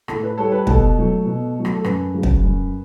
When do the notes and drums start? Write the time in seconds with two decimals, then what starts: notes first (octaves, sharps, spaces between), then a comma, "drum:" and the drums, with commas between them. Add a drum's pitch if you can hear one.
0.08 A2 A4, drum: rim click
0.23 B4
0.38 G3 A4 C#5
0.52 B4
0.67 B2 A4, drum: kick
0.96 F#3 A3
1.25 B2
1.55 F#3 A3
1.65 drum: rim click
1.75 A4
1.84 F#2 B4, drum: rim click
2.14 C#3 F#3
2.23 drum: kick
2.43 F#2